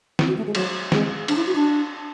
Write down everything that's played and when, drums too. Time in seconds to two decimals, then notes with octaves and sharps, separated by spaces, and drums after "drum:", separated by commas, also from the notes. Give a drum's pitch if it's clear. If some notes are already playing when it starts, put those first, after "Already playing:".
0.19 E4, drum: snare
0.27 F#4
0.37 A3
0.47 G#3
0.55 F#3, drum: cymbal
0.92 G#3, drum: snare
1.28 D4, drum: cymbal
1.36 E4
1.47 F#4
1.55 D4